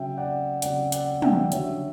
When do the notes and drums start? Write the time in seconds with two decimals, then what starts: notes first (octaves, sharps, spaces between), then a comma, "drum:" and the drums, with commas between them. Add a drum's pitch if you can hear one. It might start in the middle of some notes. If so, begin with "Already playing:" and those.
Already playing: C#3 F#3 C#4 E5 G5
0.17 D5 F#5
0.62 C#3 F#3 C#4 D5 F#5, drum: hi-hat
0.92 D5 F#5, drum: hi-hat
1.22 E5 G5, drum: tom
1.52 D3 F#3 C#4 C#5 E5, drum: hi-hat